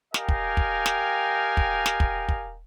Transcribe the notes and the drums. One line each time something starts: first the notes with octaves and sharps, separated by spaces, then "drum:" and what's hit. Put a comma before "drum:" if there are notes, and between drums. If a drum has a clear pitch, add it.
G4 A#4 D#5 F5 G5 G#5, drum: snare
drum: kick
drum: kick
drum: snare
drum: kick
drum: snare
drum: kick
drum: kick